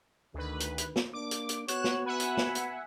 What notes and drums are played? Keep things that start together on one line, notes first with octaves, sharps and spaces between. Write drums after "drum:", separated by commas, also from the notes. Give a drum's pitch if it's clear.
D2 D3 D#3 B4
drum: hi-hat
drum: hi-hat
drum: snare
A#3 D4 D6
drum: hi-hat
drum: hi-hat
B3 F#4 C#5 F#6 E7, drum: hi-hat
drum: snare
B4 E5 F#5 G#5
drum: hi-hat
drum: snare
drum: hi-hat